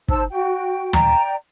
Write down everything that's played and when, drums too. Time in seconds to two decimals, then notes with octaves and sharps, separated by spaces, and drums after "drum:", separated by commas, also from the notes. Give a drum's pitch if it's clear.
0.08 D#4 C5 A5 E6, drum: kick
0.31 F#4 G5
0.93 D5 G5 A#5, drum: tom